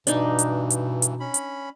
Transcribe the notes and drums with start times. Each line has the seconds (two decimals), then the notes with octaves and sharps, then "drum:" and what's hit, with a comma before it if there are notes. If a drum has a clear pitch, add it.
0.07 G2 B2 E3 D4 D#4, drum: hi-hat
0.39 drum: hi-hat
0.70 drum: hi-hat
1.02 drum: hi-hat
1.20 C#4 B5
1.34 drum: hi-hat